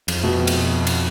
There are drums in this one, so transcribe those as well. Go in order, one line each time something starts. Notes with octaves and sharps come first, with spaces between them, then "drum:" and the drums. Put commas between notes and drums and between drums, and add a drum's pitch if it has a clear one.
F2, drum: cymbal
B2
drum: cymbal
drum: cymbal